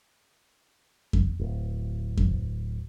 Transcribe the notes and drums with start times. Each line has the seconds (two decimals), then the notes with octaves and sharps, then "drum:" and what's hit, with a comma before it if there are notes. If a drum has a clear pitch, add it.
1.13 drum: kick F2
1.39 D1
2.17 drum: kick F2